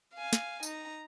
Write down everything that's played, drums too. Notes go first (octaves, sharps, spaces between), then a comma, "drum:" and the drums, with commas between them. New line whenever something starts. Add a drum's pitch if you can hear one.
F5 G#5
drum: snare
D#4 A#5, drum: tambourine